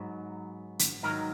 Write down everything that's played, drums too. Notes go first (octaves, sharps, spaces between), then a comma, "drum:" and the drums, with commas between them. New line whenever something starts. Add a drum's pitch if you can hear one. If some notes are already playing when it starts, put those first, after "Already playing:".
Already playing: G#2 F#3 B3
drum: hi-hat
G#2 D#3 F#3 A#4